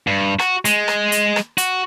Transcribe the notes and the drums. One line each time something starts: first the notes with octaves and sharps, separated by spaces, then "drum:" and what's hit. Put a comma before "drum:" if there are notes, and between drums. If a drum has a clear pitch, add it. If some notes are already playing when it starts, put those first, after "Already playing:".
G2
F#4, drum: rim click
G#3, drum: hi-hat
drum: rim click
drum: hi-hat
drum: rim click
F#4, drum: hi-hat